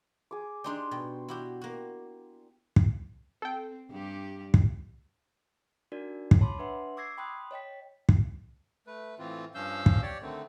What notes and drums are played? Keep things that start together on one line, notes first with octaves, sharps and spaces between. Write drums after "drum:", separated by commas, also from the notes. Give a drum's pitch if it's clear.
G#4 D6
D4 D#4 G4 D5 C6
B2 G5
E4 F#4 G4
A#3 F#4
drum: kick
C4 A4 G5
G2 G3 G4
drum: kick
D4 D#4 F#4 A#4 D5
drum: kick
C#5 A5 B5 C6 D6
D4 B4 E5 F#5 C6
C#6 D6 E6 G#6 A#6 C7
G5 B5 C6 D#6 F#6
C#5 D#5 G5 B6
drum: kick
A3 B4
A2 E3 C4 F4
G2 F3 C#4 F5 E6 G6
drum: kick
G4 C#5 D5
D3 D#3 A3 C4